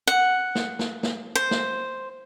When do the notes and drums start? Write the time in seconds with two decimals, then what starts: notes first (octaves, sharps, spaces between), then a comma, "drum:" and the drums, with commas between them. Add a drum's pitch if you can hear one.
0.07 F#5
0.55 drum: snare
0.79 drum: snare
1.03 drum: snare
1.35 C5
1.51 drum: snare